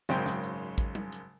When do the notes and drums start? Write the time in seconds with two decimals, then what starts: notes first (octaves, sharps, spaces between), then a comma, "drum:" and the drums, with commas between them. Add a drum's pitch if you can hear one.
0.09 G#1 F#2 C#3 G#3 C5 G5, drum: snare
0.26 drum: snare
0.43 drum: hi-hat
0.78 drum: kick, hi-hat
0.95 drum: tom
1.12 drum: hi-hat